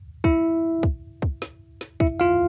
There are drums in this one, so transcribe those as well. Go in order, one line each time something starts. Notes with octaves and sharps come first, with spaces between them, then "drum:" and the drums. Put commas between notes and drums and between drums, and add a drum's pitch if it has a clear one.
E4 E5, drum: kick
drum: kick
drum: kick
drum: snare
drum: snare
E4 E5, drum: kick
F4 F5